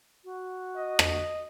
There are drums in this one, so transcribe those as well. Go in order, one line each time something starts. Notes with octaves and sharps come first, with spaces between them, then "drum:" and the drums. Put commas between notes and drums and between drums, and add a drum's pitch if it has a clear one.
F#4
D#5
drum: rim click